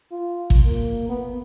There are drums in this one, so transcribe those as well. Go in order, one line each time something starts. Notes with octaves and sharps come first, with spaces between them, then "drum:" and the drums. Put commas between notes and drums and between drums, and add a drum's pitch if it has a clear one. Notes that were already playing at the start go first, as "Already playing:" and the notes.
F4
drum: kick G#1
A#3
B3